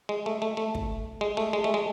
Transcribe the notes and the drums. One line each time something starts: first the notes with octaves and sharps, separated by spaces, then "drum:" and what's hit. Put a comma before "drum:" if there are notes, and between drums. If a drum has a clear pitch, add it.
G#3
A3
A3
A3
drum: kick
G#3
A3
G#3
A3
G#3